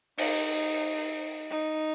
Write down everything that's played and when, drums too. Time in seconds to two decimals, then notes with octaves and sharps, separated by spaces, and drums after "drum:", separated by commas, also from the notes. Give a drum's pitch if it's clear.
0.18 D#4, drum: open hi-hat
1.50 D#4